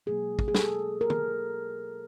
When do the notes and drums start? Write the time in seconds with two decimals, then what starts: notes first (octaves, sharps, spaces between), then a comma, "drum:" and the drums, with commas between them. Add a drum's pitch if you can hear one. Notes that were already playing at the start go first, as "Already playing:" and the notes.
0.06 B2 F#3 A#3 G#4
0.39 drum: kick
0.48 G#4
0.54 A4, drum: snare
1.01 A#4
1.10 drum: tom